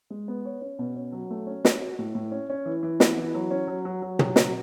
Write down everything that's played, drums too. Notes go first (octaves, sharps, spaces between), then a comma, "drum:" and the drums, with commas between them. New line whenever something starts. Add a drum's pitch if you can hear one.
G#3
B3
C#5
C#4
B2
C#4
F#3
A3
C#4
C#5, drum: snare
F#4
A2
A2
C#4
C#4
E3
E3
B3, drum: snare
E3
F#3
C#4
F#3
F#3
F#3
F#3, drum: tom
F#3, drum: snare